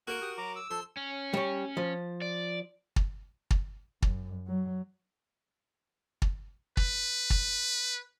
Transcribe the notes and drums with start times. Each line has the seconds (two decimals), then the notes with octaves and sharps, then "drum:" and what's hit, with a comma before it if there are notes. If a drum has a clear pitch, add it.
0.07 A#3 F#4 A#4 F#6
0.22 G4 D#6
0.38 F#3 A#5 D6
0.56 E6
0.71 F3 A4 C6
0.97 C#4
1.34 G3 C#5
1.77 F3
2.22 D5
2.96 drum: kick
3.51 drum: kick
4.02 F#2, drum: kick
4.47 F#3
6.22 drum: kick
6.77 B4, drum: kick
7.30 drum: kick